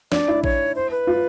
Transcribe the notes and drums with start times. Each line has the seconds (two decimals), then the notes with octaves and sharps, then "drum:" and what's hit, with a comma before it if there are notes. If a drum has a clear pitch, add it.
0.12 D4 D5, drum: snare
0.28 E4
0.44 C#5, drum: kick A1
0.76 C5
0.91 B4
1.07 F4